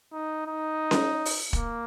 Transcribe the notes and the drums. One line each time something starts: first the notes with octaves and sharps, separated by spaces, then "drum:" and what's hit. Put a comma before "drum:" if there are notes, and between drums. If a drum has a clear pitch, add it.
D#4
D#4
drum: snare C#4
drum: open hi-hat
A#3, drum: kick